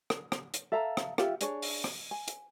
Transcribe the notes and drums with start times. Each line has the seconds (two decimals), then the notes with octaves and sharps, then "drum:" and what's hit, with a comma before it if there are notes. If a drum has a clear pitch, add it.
0.10 drum: rim click
0.32 drum: rim click
0.54 drum: hi-hat
0.72 A4 E5 F5 A#5
0.97 drum: rim click
1.18 F4 G4 E5, drum: rim click
1.41 D4 G#4 C#5, drum: hi-hat
1.62 drum: open hi-hat
1.84 drum: rim click
2.11 G#5
2.28 drum: hi-hat